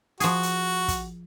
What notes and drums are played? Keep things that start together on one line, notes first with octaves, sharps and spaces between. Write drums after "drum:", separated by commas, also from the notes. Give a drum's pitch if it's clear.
F3 F#4 G#4, drum: hi-hat
drum: hi-hat
drum: kick, hi-hat